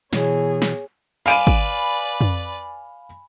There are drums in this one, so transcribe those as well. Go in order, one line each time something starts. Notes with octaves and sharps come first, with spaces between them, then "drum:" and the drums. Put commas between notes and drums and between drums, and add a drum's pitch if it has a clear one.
B2 E3 G#4 C#5, drum: snare
drum: snare
B4 D5 F5 G#5 B5 D7 D#7
drum: kick G#1
drum: tom F2